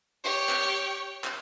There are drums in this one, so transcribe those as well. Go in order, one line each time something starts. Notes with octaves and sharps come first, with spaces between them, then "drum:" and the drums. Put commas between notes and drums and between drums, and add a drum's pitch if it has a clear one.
G4 C#5
drum: clap
drum: clap